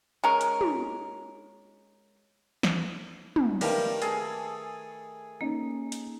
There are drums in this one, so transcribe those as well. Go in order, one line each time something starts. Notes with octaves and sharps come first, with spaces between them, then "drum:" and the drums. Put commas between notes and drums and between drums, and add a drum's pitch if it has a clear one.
G#3 C#4 A#4
drum: hi-hat
drum: tom
drum: snare
drum: tom
D#3 G3 A3 A#4 B4 F5 G5 A5, drum: cymbal
G#4 A4 G#5, drum: hi-hat
A#3 C#4 D#4
drum: hi-hat